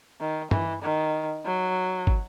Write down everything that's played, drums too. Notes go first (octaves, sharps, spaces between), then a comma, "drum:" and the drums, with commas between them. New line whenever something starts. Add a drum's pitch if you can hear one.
D#3
E3, drum: tom
D#3
F#3
drum: kick